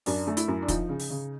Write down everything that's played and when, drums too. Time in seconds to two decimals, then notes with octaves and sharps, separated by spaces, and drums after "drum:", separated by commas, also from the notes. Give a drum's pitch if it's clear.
0.06 F#2 D4, drum: open hi-hat
0.27 A3
0.37 E4, drum: hi-hat
0.48 F#2
0.62 D4
0.68 F3 D#4, drum: kick, hi-hat
0.89 C#3
0.99 drum: open hi-hat
1.10 C#3